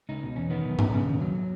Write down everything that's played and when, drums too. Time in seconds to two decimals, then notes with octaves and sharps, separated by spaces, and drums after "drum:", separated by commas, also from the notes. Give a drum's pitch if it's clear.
0.09 C#2 D#4
0.23 B2
0.36 E2 C#4
0.50 D#3 B3
0.65 B1
0.79 B1, drum: tom G#2
0.93 C#3
1.08 D#2
1.22 F#3